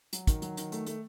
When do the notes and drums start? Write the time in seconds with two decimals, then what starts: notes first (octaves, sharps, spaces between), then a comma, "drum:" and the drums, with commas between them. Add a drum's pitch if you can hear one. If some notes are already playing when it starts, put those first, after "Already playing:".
0.13 F#3, drum: hi-hat
0.27 D#3, drum: kick, hi-hat
0.42 F#3, drum: hi-hat
0.57 D#3, drum: hi-hat
0.72 A3, drum: hi-hat
0.86 A3, drum: hi-hat